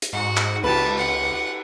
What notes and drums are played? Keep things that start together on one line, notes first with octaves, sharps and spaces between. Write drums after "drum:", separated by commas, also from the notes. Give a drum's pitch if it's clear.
drum: hi-hat
G#2 F#4 F#5
drum: clap
C#2 G4 B4 A5, drum: cymbal
F#5